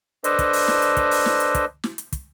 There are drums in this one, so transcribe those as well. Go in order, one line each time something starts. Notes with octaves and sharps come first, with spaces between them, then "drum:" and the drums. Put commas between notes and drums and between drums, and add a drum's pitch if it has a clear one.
D4 A4 B4 C5 D#5, drum: hi-hat
drum: kick, hi-hat
drum: open hi-hat
drum: snare
drum: hi-hat
drum: kick, hi-hat
drum: open hi-hat
drum: snare
drum: hi-hat
drum: kick, hi-hat
drum: snare
drum: hi-hat
drum: kick, hi-hat